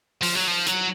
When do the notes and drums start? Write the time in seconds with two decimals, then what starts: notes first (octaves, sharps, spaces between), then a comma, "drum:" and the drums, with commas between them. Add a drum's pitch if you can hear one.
0.23 F3, drum: open hi-hat
0.35 F#3
0.48 F3
0.66 F#3, drum: hi-hat